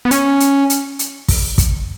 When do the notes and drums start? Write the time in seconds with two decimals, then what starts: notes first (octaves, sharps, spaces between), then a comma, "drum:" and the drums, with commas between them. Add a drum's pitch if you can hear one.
0.05 B3
0.11 C#4, drum: hi-hat
0.40 drum: hi-hat
0.70 drum: hi-hat
0.99 drum: hi-hat
1.28 drum: kick, open hi-hat
1.58 drum: kick, hi-hat